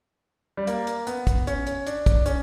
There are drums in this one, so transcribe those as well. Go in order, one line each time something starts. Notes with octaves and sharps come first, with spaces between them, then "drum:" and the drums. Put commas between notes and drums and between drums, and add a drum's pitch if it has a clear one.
G3
A#3, drum: hi-hat
drum: hi-hat
B3, drum: hi-hat
drum: kick, hi-hat
C#4, drum: hi-hat
drum: hi-hat
D4, drum: hi-hat
drum: kick, hi-hat
C#4, drum: hi-hat